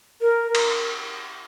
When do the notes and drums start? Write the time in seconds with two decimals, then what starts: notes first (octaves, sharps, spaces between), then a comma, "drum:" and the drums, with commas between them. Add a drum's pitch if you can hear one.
0.21 A#4
0.55 drum: cymbal